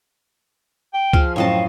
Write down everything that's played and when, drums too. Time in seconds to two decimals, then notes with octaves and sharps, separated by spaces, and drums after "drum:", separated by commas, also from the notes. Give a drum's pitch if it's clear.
0.93 G5
1.13 F3 G#4 F6, drum: kick C#2
1.36 F#2 A2 C4 C#5 D#5 F5 A5